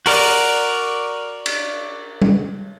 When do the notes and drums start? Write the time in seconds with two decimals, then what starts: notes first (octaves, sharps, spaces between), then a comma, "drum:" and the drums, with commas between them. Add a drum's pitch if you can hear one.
0.06 F#4 A#4 D5, drum: open hi-hat
1.46 drum: cymbal
2.22 drum: tom G3